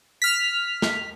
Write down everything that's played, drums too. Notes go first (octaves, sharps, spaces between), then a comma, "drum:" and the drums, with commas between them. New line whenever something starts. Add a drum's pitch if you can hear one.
F6 B6
drum: snare